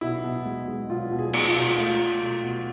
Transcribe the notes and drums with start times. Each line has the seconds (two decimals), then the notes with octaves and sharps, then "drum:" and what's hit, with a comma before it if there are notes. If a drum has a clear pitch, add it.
0.01 B2 E4
0.24 B2
0.45 G#3
0.68 G#3
0.90 B2 F4
1.12 B2
1.19 G#4
1.33 G#3, drum: cymbal
1.48 F4
1.55 B2
1.77 A3 F4
2.00 A3
2.21 B2
2.43 B2